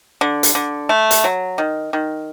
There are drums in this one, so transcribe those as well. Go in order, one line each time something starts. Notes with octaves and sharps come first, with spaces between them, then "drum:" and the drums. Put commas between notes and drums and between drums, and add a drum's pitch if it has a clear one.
D3
drum: hi-hat
D3
A3
drum: hi-hat
F#3
D#3
D#3